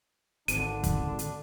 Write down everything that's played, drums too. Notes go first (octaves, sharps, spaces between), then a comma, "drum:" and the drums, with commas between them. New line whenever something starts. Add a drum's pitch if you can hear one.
G#1 D3 D4 D#7, drum: hi-hat
drum: kick, hi-hat
drum: hi-hat